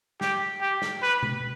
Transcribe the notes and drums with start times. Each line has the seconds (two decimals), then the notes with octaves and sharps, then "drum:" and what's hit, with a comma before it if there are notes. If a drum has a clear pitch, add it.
0.21 G4, drum: snare
0.61 G4
0.82 drum: snare
1.02 B4
1.23 drum: tom B2